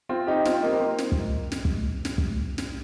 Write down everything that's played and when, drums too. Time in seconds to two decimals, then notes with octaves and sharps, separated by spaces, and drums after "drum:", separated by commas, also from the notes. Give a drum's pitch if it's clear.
0.09 C4 F4
0.27 D#4 G4
0.45 C4 F4, drum: snare
0.62 A#3 D#4
0.73 A#3
0.80 C4
0.98 drum: snare
1.12 drum: kick
1.52 drum: snare
1.65 drum: kick
2.05 drum: snare
2.18 drum: kick
2.58 drum: snare